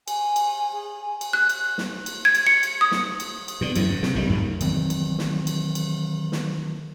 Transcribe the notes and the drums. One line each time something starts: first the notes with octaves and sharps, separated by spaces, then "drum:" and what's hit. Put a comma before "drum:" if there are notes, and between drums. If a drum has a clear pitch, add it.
G#5, drum: cymbal
drum: cymbal
G#4
G#5
drum: cymbal
F#6
drum: cymbal
drum: snare
drum: cymbal
G#6
drum: cymbal
C#7
drum: cymbal
D#6
drum: snare
drum: cymbal
drum: cymbal
B2 D3
F#2 A2 E3, drum: cymbal
G#2
C3, drum: snare
B1 D#3 F#3 G3
F2 G#2 B2 D#3
D#3 E3 F#3 C4, drum: cymbal
drum: cymbal
drum: snare
drum: cymbal
drum: cymbal
drum: snare